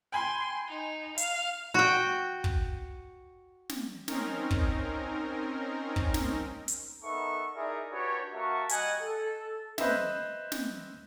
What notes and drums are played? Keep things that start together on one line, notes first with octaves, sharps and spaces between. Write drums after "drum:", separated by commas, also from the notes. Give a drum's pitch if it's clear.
G5 G#5 B5 C6
D#4
F5, drum: hi-hat
F#4 G5
drum: kick
drum: snare
C4 C#4 D#4 A#4, drum: snare
drum: kick
drum: kick
drum: snare
drum: hi-hat
B3 D#4 A4 A#4 E5 C#6
D#4 E4 G#4 A#4 D5 E5
D4 F#4 G4 B4 C#5
A#3 F#4 A#4 E5 A5 C#6
G3 D#5 F#5 G#5, drum: hi-hat
A4
B4 C5 D#5 E5, drum: snare
drum: snare